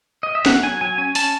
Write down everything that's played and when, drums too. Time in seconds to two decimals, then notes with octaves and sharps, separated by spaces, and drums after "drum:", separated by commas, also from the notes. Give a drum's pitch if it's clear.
0.23 D#5
0.35 E5
0.46 C#4 F#5, drum: snare
0.63 F#3 G#5
0.81 F#3 G#5
0.98 C#4 G#5
1.15 C#4 A5, drum: open hi-hat